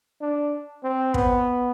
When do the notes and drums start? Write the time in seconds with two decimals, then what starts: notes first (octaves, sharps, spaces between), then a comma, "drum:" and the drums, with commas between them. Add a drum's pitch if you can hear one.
0.21 D4
0.83 C4
1.14 B3, drum: kick